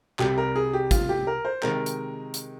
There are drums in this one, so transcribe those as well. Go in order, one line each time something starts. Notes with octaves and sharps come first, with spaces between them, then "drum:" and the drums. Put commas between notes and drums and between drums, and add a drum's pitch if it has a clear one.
C2 C3 G3 G4, drum: clap
A#4
G#4
G4
F4, drum: kick, hi-hat
G4
A#4
C5
C3 D#3 G#3 A#4, drum: clap
drum: hi-hat
drum: hi-hat